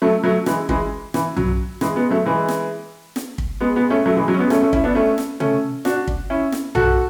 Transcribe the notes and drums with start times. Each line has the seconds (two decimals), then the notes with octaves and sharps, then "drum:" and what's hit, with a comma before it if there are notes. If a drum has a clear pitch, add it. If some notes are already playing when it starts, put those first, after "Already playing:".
0.02 F#3 A3
0.24 F#3 A3
0.46 E3 G#3, drum: snare
0.69 E3 G#3, drum: kick
1.14 E3, drum: snare
1.37 F#3, drum: tom B1
1.81 E3 G#3, drum: snare
1.96 G#3 B3
2.11 F#3 A3
2.25 E3 G#3
2.49 drum: snare
3.16 drum: snare
3.38 drum: kick
3.60 G#3 B3
3.76 G#3 B3
3.90 A3 C#4
4.06 F#3 A3
4.16 E3 G#3
4.28 F#3
4.34 C#4
4.39 G#3 B3
4.50 A3 C#4, drum: snare
4.62 A3 C#4
4.73 C#4 E4, drum: kick
4.84 B3 D4
4.95 A3 C#4
5.18 drum: snare
5.40 A3 C#4, drum: tom C3
5.85 D4 F#4, drum: snare
6.08 drum: kick
6.30 C#4 E4
6.52 drum: snare
6.75 F#4 A4, drum: tom B1